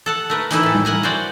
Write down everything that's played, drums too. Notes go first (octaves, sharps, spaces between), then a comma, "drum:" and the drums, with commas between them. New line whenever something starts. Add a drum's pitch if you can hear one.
A4 F#5 A5
A3 A#4 B4
E3 D#4 E4 B4, drum: hi-hat
A2 A4
drum: tom G3
A#4 F#5 G#5 A#5
F#4 C5 D5 G5